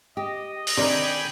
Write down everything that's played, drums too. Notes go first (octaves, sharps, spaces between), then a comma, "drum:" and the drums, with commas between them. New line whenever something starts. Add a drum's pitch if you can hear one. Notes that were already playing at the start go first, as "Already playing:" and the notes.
G4 D#5
drum: open hi-hat
C3 D#3 D4 A#4 D5 G5 G#5 B5